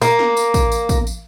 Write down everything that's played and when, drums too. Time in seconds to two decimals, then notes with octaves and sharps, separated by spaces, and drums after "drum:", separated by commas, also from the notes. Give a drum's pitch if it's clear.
0.02 A#3, drum: tambourine
0.19 drum: snare
0.37 drum: tambourine
0.54 drum: kick, tambourine
0.72 drum: tambourine
0.89 drum: kick, tambourine
1.07 drum: tambourine